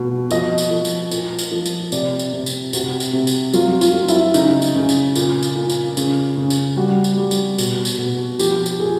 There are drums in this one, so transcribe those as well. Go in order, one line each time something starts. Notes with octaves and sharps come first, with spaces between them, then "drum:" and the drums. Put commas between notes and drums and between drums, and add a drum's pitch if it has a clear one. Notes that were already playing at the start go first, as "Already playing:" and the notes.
Already playing: B2
F3 D#5, drum: tambourine
drum: tambourine
F3
drum: tambourine
A#2, drum: tambourine
drum: tambourine
F3
drum: tambourine
C3 D5, drum: tambourine
drum: tambourine
C3
drum: tambourine
C3 F#4, drum: tambourine
drum: tambourine
C3
drum: tambourine
F#3 F4, drum: tambourine
F4, drum: tambourine
F#3
E4, drum: tambourine
C#3 D#4, drum: tambourine
drum: tambourine
C#3
drum: tambourine
A#2, drum: tambourine
drum: tambourine
A#2
drum: tambourine
C#3, drum: tambourine
C#3
drum: tambourine
G3 F#4
drum: tambourine
G3
drum: tambourine
B2, drum: tambourine
drum: tambourine
B2
F3 G4, drum: tambourine
drum: tambourine
A#2 G#4